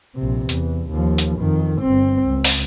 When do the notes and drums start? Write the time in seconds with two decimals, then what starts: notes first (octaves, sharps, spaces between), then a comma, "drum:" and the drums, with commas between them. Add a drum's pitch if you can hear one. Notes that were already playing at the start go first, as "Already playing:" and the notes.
0.16 A#1 C3
0.49 E2, drum: hi-hat
0.91 D#2 F3
1.18 drum: hi-hat
1.38 F2 D#3
1.82 G1 C4
2.25 C#2
2.44 drum: open hi-hat